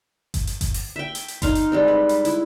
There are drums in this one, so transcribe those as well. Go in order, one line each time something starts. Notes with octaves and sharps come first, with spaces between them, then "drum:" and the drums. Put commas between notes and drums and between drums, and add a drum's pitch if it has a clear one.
drum: kick G1, hi-hat
drum: hi-hat
drum: kick G1, hi-hat
drum: open hi-hat
E5 G5
drum: hi-hat
drum: hi-hat
D#4 F5 C6, drum: kick G1, hi-hat
drum: hi-hat
G3 G#3 C4
B4
drum: hi-hat
E4, drum: hi-hat